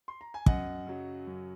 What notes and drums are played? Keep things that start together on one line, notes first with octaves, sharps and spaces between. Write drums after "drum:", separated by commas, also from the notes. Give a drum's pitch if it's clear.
C6
A#5
G#5
F#2 D#5 F#5, drum: kick
C#3 F#3
F#2